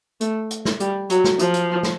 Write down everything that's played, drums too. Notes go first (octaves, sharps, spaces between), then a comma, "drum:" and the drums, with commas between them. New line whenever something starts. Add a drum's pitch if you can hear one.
A3, drum: hi-hat
drum: hi-hat
drum: snare
G3, drum: hi-hat
F#3, drum: hi-hat
drum: snare
F3, drum: hi-hat
drum: hi-hat
drum: snare